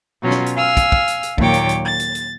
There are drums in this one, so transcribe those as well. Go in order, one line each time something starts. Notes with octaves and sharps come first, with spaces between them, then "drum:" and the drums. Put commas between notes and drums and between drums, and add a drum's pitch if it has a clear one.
B2 F#3 C#4 F4
drum: snare
drum: hi-hat
F5 G#5 E6 F6
drum: kick, hi-hat
drum: kick
drum: hi-hat
drum: hi-hat
D#2 A#2 F#3 C#5 G5 D6, drum: kick
drum: hi-hat
drum: hi-hat
A6
drum: hi-hat
drum: hi-hat